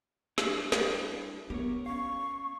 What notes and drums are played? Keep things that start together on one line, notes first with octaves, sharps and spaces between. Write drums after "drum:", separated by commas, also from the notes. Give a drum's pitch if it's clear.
G3 D4 E4, drum: snare
drum: snare
B3 G4 A#4 C#5
C#4 F5 C#6